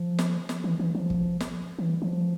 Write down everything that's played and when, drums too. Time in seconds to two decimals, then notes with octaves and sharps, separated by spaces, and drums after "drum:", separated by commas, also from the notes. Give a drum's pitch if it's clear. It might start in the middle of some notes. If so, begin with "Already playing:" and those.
Already playing: F3
0.19 drum: snare
0.49 drum: snare
0.64 E3
0.80 E3
0.95 F3
1.10 drum: kick
1.40 drum: snare
1.79 E3
2.02 F3